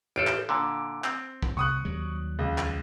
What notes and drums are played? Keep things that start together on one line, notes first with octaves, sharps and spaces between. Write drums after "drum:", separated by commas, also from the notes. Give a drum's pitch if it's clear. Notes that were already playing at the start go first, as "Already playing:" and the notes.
A1 F4 A4 D7
drum: clap
A#2 D3
C4, drum: clap
drum: kick
C2 C#6 D#6 F#6
D#2 F#3 G3
C#2
drum: clap